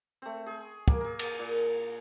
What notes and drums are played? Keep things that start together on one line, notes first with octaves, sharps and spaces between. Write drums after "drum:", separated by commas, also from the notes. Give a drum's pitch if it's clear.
A3 C4
G#4 C#6
A#3, drum: kick
G#4 A#4
drum: cymbal
A#2